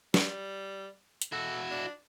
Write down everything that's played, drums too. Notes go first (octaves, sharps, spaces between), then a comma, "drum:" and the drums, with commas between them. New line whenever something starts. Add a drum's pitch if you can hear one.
G3, drum: snare
drum: hi-hat
E4 F#4 A4
D4